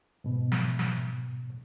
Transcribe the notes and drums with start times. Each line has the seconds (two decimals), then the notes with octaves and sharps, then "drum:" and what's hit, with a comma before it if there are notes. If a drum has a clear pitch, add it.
0.24 G#2 B2
0.52 drum: snare
0.79 drum: snare